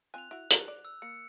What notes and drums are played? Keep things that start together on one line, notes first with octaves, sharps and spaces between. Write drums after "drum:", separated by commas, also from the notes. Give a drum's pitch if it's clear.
C4 F4 G#5 F#6 F7
E4 F#4
A4 A#4, drum: hi-hat
D5
E6
A#3 C#7